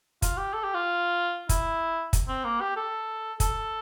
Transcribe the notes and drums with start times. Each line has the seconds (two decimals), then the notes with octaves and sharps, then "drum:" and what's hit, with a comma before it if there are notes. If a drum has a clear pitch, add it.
0.22 F4, drum: kick, hi-hat
0.37 G4
0.54 A4
0.64 G4
0.75 F4
1.49 E4, drum: kick, hi-hat
2.13 drum: kick, hi-hat
2.28 C4
2.44 A#3
2.61 G4
2.77 A4
3.40 A4, drum: kick, hi-hat